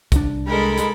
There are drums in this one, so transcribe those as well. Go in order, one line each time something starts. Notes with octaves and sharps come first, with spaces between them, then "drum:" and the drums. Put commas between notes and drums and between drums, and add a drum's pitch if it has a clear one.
C2 D4, drum: kick, hi-hat
G#3 A4 A#4 B5
drum: hi-hat